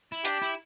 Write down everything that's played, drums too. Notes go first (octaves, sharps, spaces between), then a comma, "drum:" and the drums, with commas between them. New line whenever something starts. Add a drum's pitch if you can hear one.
E4
D4 G4, drum: hi-hat
E4